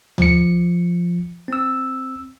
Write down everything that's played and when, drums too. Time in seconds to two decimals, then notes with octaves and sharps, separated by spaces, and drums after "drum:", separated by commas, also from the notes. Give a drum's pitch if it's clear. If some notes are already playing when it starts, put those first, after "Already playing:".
0.18 F3 C#7, drum: tom D2
1.48 C4 E6